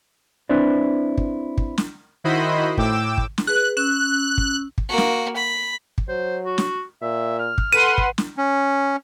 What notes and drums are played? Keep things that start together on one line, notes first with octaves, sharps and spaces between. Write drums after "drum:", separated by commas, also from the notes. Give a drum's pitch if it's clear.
C4 D4 E4 B4 C5 D5
drum: kick
drum: kick
drum: snare
D#3 E4 F#4 C5 D#5 B5
A2 G5 D6 E6 E7, drum: kick
drum: kick
drum: snare
G#4 B4 F#6
C#4 E6 F#6
drum: kick
drum: kick
A#3 F#4
drum: snare
B5
drum: kick
F#3 C5
F#4
drum: snare
A#2 E5
F6
drum: kick
A4 B4 F#5 C6 D#7
drum: kick
drum: snare
C#4